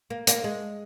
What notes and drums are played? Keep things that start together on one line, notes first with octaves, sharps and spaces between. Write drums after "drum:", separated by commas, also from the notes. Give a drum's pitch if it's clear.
A#3
A#3, drum: hi-hat
G#3